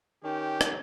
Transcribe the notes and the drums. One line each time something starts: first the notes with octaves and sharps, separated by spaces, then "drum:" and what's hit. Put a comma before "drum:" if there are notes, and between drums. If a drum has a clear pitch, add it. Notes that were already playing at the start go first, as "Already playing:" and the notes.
D#3 C#4 G4 G5
drum: rim click